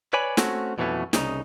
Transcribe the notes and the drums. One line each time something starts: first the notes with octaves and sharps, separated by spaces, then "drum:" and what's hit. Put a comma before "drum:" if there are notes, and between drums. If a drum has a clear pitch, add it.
B4 C#5 D5 G#5 B5
A3 C4 C#4 F#4, drum: snare
F2 B2 E3 F#3 A3 C#4
C2 C#3 D#4, drum: snare